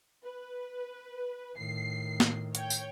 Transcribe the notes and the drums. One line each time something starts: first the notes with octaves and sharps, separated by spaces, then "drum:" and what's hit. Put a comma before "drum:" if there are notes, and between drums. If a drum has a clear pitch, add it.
B4
A2 D#3 C7
drum: snare
C#5 G5, drum: hi-hat
drum: tambourine